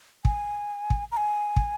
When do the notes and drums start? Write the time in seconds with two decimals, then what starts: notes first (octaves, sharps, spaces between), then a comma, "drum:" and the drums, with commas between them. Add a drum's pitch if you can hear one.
0.25 G#5, drum: kick
0.90 drum: kick
1.12 A#5
1.17 G#5
1.56 drum: kick